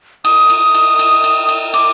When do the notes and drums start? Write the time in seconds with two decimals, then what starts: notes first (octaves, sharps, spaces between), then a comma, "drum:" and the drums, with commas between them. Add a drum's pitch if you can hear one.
0.25 D#6, drum: cymbal
0.50 drum: cymbal
0.74 drum: cymbal
0.99 drum: cymbal
1.24 drum: cymbal
1.49 drum: cymbal
1.74 D6, drum: cymbal